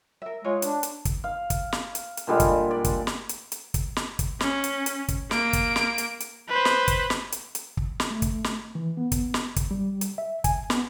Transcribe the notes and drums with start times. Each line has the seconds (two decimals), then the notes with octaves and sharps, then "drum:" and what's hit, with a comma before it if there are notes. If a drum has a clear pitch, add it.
0.22 A#4 E5
0.44 G#3 F4 C#5
0.62 D4, drum: hi-hat
0.83 drum: hi-hat
1.05 drum: kick, hi-hat
1.24 F5
1.50 drum: kick, hi-hat
1.72 drum: snare
1.95 drum: hi-hat
2.17 drum: hi-hat
2.27 A#2 D3 G3 G#3
2.40 drum: kick, hi-hat
2.71 D5
2.84 drum: kick, hi-hat
3.07 drum: snare
3.29 drum: hi-hat
3.52 drum: hi-hat
3.74 drum: kick, hi-hat
3.96 drum: snare
4.19 drum: kick, hi-hat
4.40 C#4, drum: snare
4.64 drum: hi-hat
4.86 drum: hi-hat
5.08 drum: kick, hi-hat
5.31 A#3 D7, drum: snare
5.53 drum: kick, hi-hat
5.76 drum: snare
5.98 drum: hi-hat
6.20 drum: hi-hat
6.49 B4 C5
6.65 drum: snare
6.88 drum: kick, hi-hat
7.10 drum: snare
7.32 drum: hi-hat
7.55 drum: hi-hat
7.77 drum: kick
8.00 drum: snare
8.11 A3
8.22 drum: kick, hi-hat
8.44 drum: snare
8.75 E3
8.97 B3
9.12 drum: kick, hi-hat
9.34 drum: snare
9.56 drum: kick, hi-hat
9.71 G3
10.01 drum: hi-hat
10.18 E5
10.44 G#5, drum: kick, hi-hat
10.70 B3, drum: snare